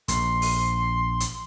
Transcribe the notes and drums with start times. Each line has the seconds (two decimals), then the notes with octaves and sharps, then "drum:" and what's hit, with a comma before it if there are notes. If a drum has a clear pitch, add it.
0.08 A#1 C6, drum: hi-hat
0.42 drum: open hi-hat
1.20 drum: hi-hat